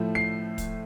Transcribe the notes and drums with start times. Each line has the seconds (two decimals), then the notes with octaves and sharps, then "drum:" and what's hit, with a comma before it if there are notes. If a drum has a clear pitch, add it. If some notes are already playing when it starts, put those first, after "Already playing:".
Already playing: A2 F3 A3
0.15 C7
0.58 drum: kick, hi-hat